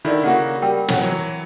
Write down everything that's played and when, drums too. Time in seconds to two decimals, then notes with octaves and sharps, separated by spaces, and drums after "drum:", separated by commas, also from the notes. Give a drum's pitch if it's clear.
0.05 D3 D#3 E4 A4 D5
0.24 C#3 A#3 F#4 F#5
0.62 G3 A#4 G5
0.88 B2 C#5 F#5, drum: snare
1.01 E3 F#3 C#5